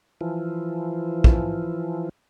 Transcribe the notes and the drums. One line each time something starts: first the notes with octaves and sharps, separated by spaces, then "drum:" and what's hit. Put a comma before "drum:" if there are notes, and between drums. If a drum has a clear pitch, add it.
E3 F3
drum: kick A#1